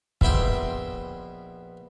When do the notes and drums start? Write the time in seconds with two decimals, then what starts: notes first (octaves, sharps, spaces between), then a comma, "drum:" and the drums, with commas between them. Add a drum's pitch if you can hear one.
0.21 A#1 B2 E4 G5 C6, drum: kick